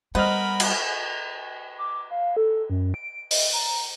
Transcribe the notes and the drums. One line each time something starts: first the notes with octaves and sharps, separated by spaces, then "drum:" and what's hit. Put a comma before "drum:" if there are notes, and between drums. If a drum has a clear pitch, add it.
G3 B3 A#4 C5 D#5 B5 F6
drum: cymbal
D6
F5
A4
F#2
D7
D#5, drum: open hi-hat
A#5